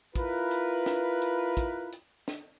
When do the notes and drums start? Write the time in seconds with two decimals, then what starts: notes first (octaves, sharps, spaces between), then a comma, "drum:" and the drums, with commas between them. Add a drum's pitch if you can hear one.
0.16 E4 F4 A#4 B4, drum: kick, hi-hat
0.51 drum: hi-hat
0.86 drum: snare
1.22 drum: hi-hat
1.57 drum: kick, hi-hat
1.92 drum: hi-hat
2.28 drum: snare